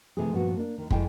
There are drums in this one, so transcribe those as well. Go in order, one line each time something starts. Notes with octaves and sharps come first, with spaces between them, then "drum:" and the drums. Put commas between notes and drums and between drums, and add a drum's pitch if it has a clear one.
C3 E3 F3 A3 G#4
G2 A#2 F3 B3 F#4
A#3 D4
D#2 D#3
F2 G#3 E4 G5 G#5, drum: kick